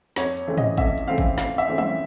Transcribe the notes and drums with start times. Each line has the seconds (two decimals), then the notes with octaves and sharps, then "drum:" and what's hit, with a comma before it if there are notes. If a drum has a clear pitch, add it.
0.16 F2 C#5, drum: snare
0.37 drum: hi-hat
0.47 C#3 E3 A3 C4
0.57 D#5, drum: tom
0.78 F2 E5, drum: kick, hi-hat
0.98 drum: hi-hat
1.08 C#3 E3 A3 C4 F5
1.18 drum: kick, hi-hat
1.38 F2 F5, drum: snare
1.58 E5, drum: hi-hat
1.68 C#3 E3 A3 C4
1.78 E5, drum: tom